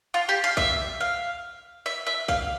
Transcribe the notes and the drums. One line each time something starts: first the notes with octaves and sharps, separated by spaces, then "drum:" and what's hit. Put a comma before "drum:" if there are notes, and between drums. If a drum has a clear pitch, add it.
F4
G4
F5
E5, drum: kick
F5
E5
E5
F5, drum: kick